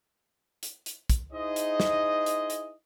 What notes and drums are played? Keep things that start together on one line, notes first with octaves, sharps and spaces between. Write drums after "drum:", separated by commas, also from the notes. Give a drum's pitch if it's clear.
drum: hi-hat
drum: hi-hat
drum: kick, hi-hat
D#4 E4 G#4 C5 D#5
drum: hi-hat
drum: snare
drum: hi-hat
drum: hi-hat